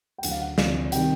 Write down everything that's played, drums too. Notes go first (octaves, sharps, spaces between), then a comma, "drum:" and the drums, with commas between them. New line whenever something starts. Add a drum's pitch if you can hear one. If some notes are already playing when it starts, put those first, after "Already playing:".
G5
D2 D3 F#3 F#5, drum: hi-hat
F5
F#5
D2 C3 F3 F5, drum: snare
C3 D#3 G3 G5, drum: hi-hat